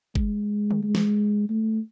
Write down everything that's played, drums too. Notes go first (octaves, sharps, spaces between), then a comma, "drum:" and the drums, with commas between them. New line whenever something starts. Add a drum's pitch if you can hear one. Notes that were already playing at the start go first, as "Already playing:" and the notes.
G#3, drum: kick
drum: tom D3
G#3
drum: snare
A3